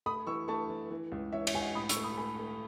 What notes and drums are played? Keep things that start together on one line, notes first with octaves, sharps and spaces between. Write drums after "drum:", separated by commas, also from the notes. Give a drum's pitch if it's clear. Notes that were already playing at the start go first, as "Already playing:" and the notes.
A3 B5 D#6
E3 C#6 E6
A3 A5 C#6
E3
E3
C#2
E3 C#5 E5
C#5 E5, drum: cymbal
C#2 G#5
D#5 F#5
A2 B5 D#6
C#6 E6, drum: hi-hat
A3
B5 D#6
A3 G#5 B5
A3